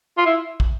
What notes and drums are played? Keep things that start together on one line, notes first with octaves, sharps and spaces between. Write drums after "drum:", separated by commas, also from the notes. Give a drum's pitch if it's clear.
F4
E4
drum: kick